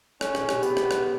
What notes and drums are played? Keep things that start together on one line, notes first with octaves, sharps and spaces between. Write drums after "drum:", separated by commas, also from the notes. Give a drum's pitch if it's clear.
C#4 A4, drum: rim click
G#4, drum: rim click
G4, drum: rim click
B3 G4, drum: tambourine
drum: rim click
drum: rim click